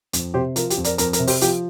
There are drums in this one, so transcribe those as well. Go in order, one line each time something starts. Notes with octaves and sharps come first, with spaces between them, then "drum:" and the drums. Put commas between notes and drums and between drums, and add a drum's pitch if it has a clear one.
F2, drum: hi-hat
C3 G4 C5
F3 A#4, drum: hi-hat
G4, drum: hi-hat
F2
A#4 D5, drum: hi-hat
F2 A#4, drum: hi-hat
A#4, drum: hi-hat
C3
G4 C5, drum: open hi-hat
F3 G4, drum: hi-hat